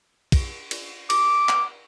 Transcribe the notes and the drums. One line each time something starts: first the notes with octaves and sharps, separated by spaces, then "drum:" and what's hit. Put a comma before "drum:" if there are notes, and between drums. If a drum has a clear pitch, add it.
drum: kick, cymbal
drum: cymbal
D6, drum: cymbal
drum: clap